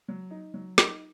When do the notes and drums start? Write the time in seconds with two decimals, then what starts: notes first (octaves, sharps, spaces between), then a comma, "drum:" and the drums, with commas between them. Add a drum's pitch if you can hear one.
0.08 F#3
0.31 D#4
0.54 F#3
0.78 D#4, drum: snare